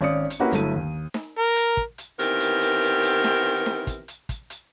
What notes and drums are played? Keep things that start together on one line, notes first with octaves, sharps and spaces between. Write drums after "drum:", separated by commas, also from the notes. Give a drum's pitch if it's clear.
G#1 C#4 D5 D#6 C#7
drum: hi-hat
A#3 C#4 E4 F#4 G4 B4
G1 F#3 A3 E4 D#7, drum: hi-hat
D#2
drum: snare D#4
A#4
drum: hi-hat
drum: kick
drum: hi-hat
D#3 E3 B3 C4 G4 A#4, drum: hi-hat
drum: hi-hat
drum: hi-hat
drum: hi-hat
drum: hi-hat
drum: snare D#4
drum: snare D#4
drum: kick, hi-hat
drum: hi-hat
drum: kick, hi-hat
drum: hi-hat